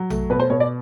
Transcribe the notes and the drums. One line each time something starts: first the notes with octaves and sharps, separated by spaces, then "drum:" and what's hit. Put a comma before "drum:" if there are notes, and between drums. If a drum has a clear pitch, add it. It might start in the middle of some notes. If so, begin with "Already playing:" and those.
Already playing: F#3
A3, drum: tom A#1
B2 B4
C5
B2 C#5
D5